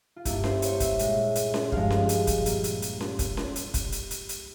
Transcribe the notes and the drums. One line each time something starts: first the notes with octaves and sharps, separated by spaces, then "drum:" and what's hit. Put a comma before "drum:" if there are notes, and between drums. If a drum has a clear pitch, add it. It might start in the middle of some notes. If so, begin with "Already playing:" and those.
F4
G2 G3 A#3 E4, drum: kick, hi-hat
C5, drum: snare C#4
C#5, drum: hi-hat
E5, drum: kick, hi-hat
A#2 G#3, drum: hi-hat
drum: hi-hat
drum: snare C#4
G2 F3 G#3 F5, drum: kick
drum: snare C#4
drum: hi-hat
drum: kick, hi-hat
A#2 G3 A#3, drum: hi-hat
drum: hi-hat
drum: hi-hat
drum: snare C#4
drum: kick, hi-hat
drum: snare C#4
drum: hi-hat
drum: kick, hi-hat
drum: hi-hat
drum: hi-hat
drum: hi-hat